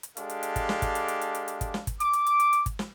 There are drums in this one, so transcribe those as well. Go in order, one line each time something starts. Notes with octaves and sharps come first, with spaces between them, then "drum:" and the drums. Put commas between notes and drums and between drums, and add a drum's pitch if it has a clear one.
drum: hi-hat
G#3 D4 G4 A4 F5, drum: hi-hat
drum: hi-hat
drum: hi-hat
drum: kick, hi-hat
drum: snare
drum: kick, hi-hat
drum: hi-hat
drum: hi-hat
drum: hi-hat
drum: hi-hat
drum: hi-hat
drum: kick, hi-hat
drum: snare
drum: kick, hi-hat
D6, drum: hi-hat
drum: hi-hat
drum: hi-hat
drum: hi-hat
drum: hi-hat
drum: kick, hi-hat
drum: snare